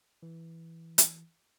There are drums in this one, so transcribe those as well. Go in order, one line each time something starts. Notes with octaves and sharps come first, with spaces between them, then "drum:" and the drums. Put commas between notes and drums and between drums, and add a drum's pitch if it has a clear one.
E3
drum: hi-hat